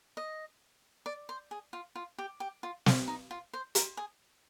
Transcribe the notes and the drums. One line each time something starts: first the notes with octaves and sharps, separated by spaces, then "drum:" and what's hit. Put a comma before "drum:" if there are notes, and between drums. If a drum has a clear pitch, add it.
D#5
D5
C5
G#4
F4
F4
G4
G4
F4
F4, drum: snare
D#4
F4
C5
A#4, drum: hi-hat
G#4